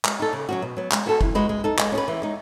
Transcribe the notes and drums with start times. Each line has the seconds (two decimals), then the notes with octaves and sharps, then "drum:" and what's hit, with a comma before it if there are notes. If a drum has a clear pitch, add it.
0.05 G#3, drum: clap
0.19 D#4 A4
0.33 C#3
0.49 F#3 C#4 F#4
0.62 B2
0.77 F#3 B3
0.92 G#3, drum: clap
1.06 B3 F#4 A4
1.21 E3, drum: kick F#1
1.35 G#3 D#4 F#4 B4
1.49 G#3
1.64 D#4 A4
1.79 G#3, drum: clap
1.92 C#4 G#4
1.97 B4
2.08 E3
2.22 G#3 D#4